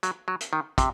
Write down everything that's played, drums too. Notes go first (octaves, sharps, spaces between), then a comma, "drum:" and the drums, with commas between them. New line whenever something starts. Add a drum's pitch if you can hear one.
F#3, drum: hi-hat
F#3
drum: hi-hat
D#3
C3, drum: kick, hi-hat